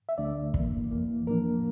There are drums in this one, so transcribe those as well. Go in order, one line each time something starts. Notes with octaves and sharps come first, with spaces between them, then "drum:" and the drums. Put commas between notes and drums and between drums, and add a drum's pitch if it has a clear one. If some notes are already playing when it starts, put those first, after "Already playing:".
E5
D2 D3 A3 D4 D5
G2 E3 A#3, drum: kick
F2 E3 A#3
A2 F3 A#3 D4 A#4